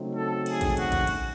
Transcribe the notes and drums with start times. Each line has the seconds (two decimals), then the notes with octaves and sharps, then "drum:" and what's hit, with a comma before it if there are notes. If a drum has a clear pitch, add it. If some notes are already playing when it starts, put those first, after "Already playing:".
Already playing: C#3 F#3 A3 C4 D#4
0.15 A4
0.46 G#4, drum: cymbal
0.61 drum: kick A1, cymbal
0.77 F#4, drum: cymbal
0.92 drum: kick A1, cymbal
1.07 drum: cymbal